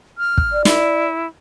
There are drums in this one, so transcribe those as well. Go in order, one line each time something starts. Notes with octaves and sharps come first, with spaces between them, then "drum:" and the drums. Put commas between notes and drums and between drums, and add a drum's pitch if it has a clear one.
F6
drum: kick
D5
E4, drum: snare